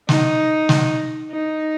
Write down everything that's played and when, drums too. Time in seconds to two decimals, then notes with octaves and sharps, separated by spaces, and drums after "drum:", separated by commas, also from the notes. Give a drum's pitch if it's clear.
0.09 D#4, drum: snare
0.69 drum: snare
1.31 D#4